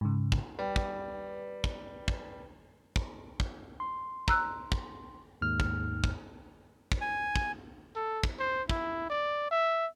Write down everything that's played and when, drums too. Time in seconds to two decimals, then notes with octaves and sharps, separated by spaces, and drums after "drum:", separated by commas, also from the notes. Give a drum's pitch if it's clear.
0.01 G#2 C#3
0.32 drum: kick
0.59 G3 B4
0.76 drum: kick
1.64 drum: kick
2.08 drum: kick
2.96 drum: kick
3.40 drum: kick
3.80 C6
4.28 A#5 E6 F#6, drum: kick
4.72 drum: kick
5.42 D#2 G#2 F6
5.60 drum: kick
6.04 drum: kick
6.92 drum: kick
7.01 G#5
7.36 drum: kick
7.96 A4
8.23 drum: kick
8.39 C5
8.69 E4, drum: kick
9.09 D5
9.51 E5